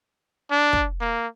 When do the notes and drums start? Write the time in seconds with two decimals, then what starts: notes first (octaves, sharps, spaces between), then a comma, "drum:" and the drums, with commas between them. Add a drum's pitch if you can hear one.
0.51 D4
0.73 drum: kick
1.01 A#3